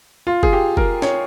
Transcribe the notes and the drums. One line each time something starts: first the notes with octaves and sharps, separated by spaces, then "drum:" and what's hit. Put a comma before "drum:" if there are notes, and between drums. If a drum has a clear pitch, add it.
F4
G#4, drum: kick
G4
A#4, drum: kick
C#5, drum: snare